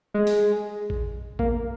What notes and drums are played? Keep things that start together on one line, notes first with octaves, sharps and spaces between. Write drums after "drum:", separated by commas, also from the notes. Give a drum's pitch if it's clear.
G#3
drum: open hi-hat
drum: kick A#1
A#3, drum: kick A#1